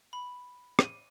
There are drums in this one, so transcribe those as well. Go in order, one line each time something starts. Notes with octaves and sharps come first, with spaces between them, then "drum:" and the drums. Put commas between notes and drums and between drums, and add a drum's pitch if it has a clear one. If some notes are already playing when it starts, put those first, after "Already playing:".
B5
D#7, drum: rim click